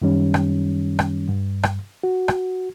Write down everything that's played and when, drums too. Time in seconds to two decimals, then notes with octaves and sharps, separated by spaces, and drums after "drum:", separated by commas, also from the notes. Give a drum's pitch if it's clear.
0.02 F#2 D#3 G3 C#4
0.34 drum: rim click
0.99 drum: rim click
1.29 G2
1.63 drum: rim click
2.04 F#4
2.28 drum: rim click